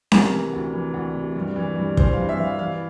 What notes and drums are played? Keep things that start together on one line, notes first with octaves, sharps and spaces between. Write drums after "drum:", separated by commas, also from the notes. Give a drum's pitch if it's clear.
C3 A#4, drum: snare C#4
E3
D2
E3
D2
C3
G2
E3
G2
E3 C5, drum: kick
G2 F5
E5
E3 F5
E3 F5